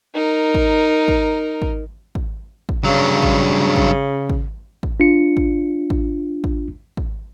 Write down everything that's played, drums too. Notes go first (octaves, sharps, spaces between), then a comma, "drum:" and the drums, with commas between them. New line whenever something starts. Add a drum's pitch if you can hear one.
D#4 A#4
drum: kick
drum: kick
drum: kick
drum: kick
drum: kick
G2 C#3 F#3
drum: kick
drum: kick
drum: kick
drum: kick
D4 F4 C#7
drum: kick
drum: kick
drum: kick
drum: kick